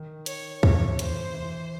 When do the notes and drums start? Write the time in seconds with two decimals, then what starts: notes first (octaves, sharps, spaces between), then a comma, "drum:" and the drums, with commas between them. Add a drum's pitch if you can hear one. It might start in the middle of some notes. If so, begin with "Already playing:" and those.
Already playing: D#3
0.26 C#5, drum: hi-hat
0.63 E3 C#5, drum: kick
0.99 C5, drum: hi-hat
1.34 E3